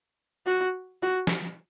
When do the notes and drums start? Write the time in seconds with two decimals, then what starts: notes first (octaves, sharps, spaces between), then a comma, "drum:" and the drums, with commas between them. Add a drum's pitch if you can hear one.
0.46 F#4
1.02 F#4
1.27 drum: snare